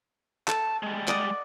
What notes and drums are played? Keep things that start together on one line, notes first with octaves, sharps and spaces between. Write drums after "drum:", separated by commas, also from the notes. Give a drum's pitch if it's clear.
A4 A5, drum: clap
G3 G#3
D5 D#5 F#5, drum: clap